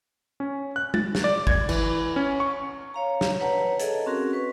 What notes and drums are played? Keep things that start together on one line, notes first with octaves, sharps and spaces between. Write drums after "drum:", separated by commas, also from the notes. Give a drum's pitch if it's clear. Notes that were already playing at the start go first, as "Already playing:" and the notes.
C#4
F#6
A6, drum: tom
drum: snare
D5
G#6, drum: kick G1
E3, drum: cymbal
C#4
C#6
C#5 F5 A#5
drum: snare
B4 C#5 F#5 A5 A#5
G#4 A4 D#5, drum: hi-hat
C4 C#4 F#4 G#4 A#4
B4 C#6